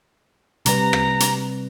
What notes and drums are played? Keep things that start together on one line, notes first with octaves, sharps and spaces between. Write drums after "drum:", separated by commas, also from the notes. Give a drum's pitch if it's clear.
C3 G3 B4 A#5, drum: hi-hat
drum: rim click
drum: hi-hat